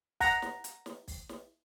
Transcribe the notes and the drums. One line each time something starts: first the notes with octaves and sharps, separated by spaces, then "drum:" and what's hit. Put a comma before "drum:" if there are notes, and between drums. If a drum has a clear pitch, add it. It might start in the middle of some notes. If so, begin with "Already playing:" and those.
F#5 A#5, drum: kick, open hi-hat
drum: snare
drum: hi-hat
drum: snare
drum: kick, open hi-hat
drum: snare